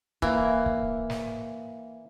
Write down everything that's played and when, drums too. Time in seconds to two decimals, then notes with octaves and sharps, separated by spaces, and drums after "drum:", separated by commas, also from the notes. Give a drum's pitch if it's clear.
0.22 E3 A#3, drum: kick C#1
0.66 drum: kick C#1
1.10 drum: snare